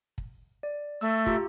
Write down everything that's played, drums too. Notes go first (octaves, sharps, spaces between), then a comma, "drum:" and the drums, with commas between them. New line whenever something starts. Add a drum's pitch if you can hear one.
drum: kick
D5
A3 E6
F4 G4 A#5, drum: kick